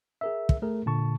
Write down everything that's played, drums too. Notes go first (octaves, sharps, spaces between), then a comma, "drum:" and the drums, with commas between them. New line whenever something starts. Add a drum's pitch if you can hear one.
G#4 A#4 E5
drum: kick
A3 G#4 A#4
A#2 D3 A5 C#6